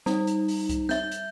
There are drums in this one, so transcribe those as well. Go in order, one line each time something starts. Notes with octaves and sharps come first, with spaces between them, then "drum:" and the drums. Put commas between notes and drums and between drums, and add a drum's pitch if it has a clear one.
G3 D#4, drum: snare
drum: hi-hat
drum: open hi-hat
drum: kick C2, hi-hat
E5 G6, drum: snare
drum: hi-hat